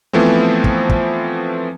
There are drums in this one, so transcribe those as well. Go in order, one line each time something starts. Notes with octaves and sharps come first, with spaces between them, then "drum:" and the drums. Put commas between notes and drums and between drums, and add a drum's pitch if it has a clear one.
E3 F3 A3 B3 C4
drum: kick
drum: kick